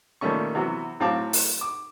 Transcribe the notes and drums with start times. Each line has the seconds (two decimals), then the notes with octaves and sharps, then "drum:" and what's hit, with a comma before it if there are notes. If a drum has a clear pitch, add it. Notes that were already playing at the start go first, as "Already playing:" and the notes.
0.21 A#2 D#3 G3 A3 C#4 C#6
0.55 C3 E3 F#3 B3 C4 F#4
1.00 A2 F#3 C4 F5 A5 D6
1.33 drum: open hi-hat
1.61 D6